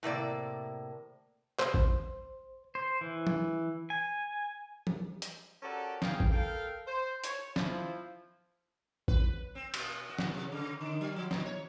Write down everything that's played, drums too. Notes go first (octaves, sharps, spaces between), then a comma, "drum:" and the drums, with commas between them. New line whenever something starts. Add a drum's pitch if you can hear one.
A2 C3 A#3 D5
C5, drum: clap
drum: kick A1
C5
E3
drum: tom E3
G#5
drum: tom E3
drum: hi-hat
C#4 F#4 G4 A4 A#4 D5
G#4 F5 G5, drum: snare
drum: kick A1
A4 A#4 F5 G5
C5
C#5, drum: hi-hat
F3 E4, drum: snare
B4, drum: kick A1
C4
B2, drum: cymbal
F#4
drum: snare
C3
C#3
D3
F#3
F3
A#2, drum: snare
C#5